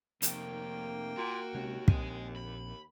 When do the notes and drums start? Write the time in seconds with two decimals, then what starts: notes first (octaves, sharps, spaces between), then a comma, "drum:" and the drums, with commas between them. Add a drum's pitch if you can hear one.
0.22 F2 C3 D#3 A#3 G5, drum: hi-hat
1.17 A#2 F#4 F#5
1.54 D#2 C3 G#3 C#4
1.88 A#1 C4 D#5 G#5, drum: kick
2.36 B5